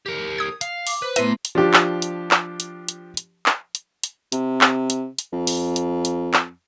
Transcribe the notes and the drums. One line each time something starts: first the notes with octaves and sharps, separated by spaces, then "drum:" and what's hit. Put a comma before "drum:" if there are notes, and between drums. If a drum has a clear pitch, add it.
G4 A#4
D#6 G#6
F5, drum: hi-hat
D6, drum: open hi-hat
B4 C5
A3 B3 E4 B4 E5 A#5 C6 D#7, drum: hi-hat
drum: hi-hat
F3 D4 G4
drum: clap
drum: hi-hat
drum: clap
drum: hi-hat
drum: hi-hat
drum: hi-hat
drum: clap
drum: hi-hat
drum: hi-hat
C3, drum: hi-hat
drum: clap
drum: hi-hat
drum: hi-hat
F2
drum: open hi-hat
drum: hi-hat
drum: hi-hat
drum: clap